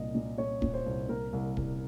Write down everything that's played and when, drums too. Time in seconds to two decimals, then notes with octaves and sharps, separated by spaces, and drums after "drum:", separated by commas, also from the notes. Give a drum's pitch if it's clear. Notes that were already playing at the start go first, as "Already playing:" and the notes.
Already playing: C2 A#2 D#5
0.15 A#2
0.38 A#2 C#5
0.62 A#2, drum: kick D1
0.74 C5
0.86 C2
1.09 A#2 A#4
1.33 C2
1.57 C2, drum: kick D1